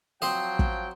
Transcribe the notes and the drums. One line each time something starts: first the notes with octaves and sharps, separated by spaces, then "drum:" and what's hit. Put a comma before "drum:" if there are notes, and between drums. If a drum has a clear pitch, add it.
F3 F#3 C4 C5 D#5 G5
drum: kick